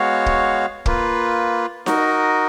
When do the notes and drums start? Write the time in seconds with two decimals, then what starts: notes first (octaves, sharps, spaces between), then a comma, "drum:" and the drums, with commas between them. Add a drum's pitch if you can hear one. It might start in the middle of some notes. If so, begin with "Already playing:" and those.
Already playing: G#3 B3 F#4 C#5 F5
0.26 drum: kick
0.86 A#3 F4 B4, drum: kick
1.86 D#4 F#4 A#4 D#5, drum: snare D#4